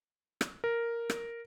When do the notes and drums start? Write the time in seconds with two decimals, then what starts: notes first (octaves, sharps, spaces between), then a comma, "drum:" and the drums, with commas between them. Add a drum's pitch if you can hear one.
0.41 drum: rim click
0.64 A#4
1.10 drum: rim click